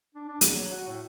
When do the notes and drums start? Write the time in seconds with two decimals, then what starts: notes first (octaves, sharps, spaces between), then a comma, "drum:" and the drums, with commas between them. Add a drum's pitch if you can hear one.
0.15 D4
0.28 D4
0.41 E2, drum: hi-hat
0.55 F#3
0.72 F#4
0.88 A2